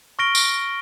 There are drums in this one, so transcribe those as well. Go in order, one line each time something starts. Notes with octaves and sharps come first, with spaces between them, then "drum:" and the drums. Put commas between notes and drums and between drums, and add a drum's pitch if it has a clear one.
C#6 F6 A#6 D7 G7
drum: tambourine